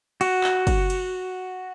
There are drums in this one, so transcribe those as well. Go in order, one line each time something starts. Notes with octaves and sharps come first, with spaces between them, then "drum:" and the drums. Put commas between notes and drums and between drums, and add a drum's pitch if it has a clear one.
F#4, drum: cymbal
drum: clap
drum: kick, cymbal
drum: cymbal